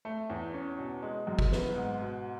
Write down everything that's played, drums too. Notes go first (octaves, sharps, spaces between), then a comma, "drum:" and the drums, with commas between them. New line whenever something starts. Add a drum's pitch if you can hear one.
A3
E2
C#4
B2
G#3
F#2
drum: kick
B3, drum: snare
G#2
B2